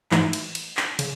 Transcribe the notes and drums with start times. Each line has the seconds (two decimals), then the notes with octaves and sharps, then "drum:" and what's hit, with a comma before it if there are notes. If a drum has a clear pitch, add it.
0.11 G#2 E3 A3 D#4 F#4, drum: clap
0.33 drum: cymbal
0.55 drum: cymbal
0.77 drum: clap
0.99 C#3, drum: cymbal